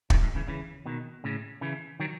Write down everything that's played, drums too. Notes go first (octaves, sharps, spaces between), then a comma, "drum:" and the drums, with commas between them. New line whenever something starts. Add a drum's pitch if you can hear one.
D#3 F#3, drum: kick
G#2
C#3 E3
C#3 E3
B2 D#3
A2 C#3
C#3 E3
D#3 F#3